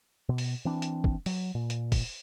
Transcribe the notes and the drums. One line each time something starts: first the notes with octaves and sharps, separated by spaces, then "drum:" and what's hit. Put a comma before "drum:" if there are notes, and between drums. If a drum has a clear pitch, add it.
B2
drum: open hi-hat
E3 C4 D4
drum: hi-hat
drum: kick
F#3, drum: open hi-hat
A#2
drum: hi-hat
drum: kick, open hi-hat